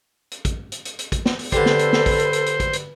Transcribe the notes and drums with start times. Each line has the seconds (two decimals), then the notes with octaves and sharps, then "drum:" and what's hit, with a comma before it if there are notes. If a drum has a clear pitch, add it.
0.31 drum: hi-hat
0.45 drum: kick, hi-hat
0.72 drum: hi-hat
0.85 drum: hi-hat
0.99 drum: hi-hat
1.12 drum: kick, hi-hat
1.25 drum: snare
1.39 drum: open hi-hat
1.52 D3 G3 A4 B4 C5, drum: kick, hi-hat
1.66 drum: snare
1.79 drum: hi-hat
1.93 drum: snare
2.06 drum: kick, open hi-hat
2.19 drum: hi-hat
2.33 drum: hi-hat
2.46 drum: hi-hat
2.60 drum: kick, hi-hat
2.73 drum: hi-hat